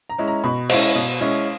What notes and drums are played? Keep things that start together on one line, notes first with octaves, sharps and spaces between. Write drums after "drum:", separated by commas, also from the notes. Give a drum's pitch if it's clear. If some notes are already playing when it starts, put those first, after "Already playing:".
A#5
G#3 C#4 E4
A#5
B2 B5
G#3 C#4 E4, drum: cymbal
B2
G#3 C#4 E4